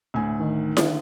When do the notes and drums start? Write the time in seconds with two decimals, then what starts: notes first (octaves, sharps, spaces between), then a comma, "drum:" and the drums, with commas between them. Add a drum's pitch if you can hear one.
0.14 D2 A2 G#5
0.39 D#3
0.77 D3, drum: snare E4